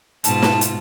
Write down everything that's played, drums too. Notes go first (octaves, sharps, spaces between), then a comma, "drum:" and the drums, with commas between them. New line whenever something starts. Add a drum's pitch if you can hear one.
G#2 B2 F4 A5, drum: hi-hat
drum: snare
drum: hi-hat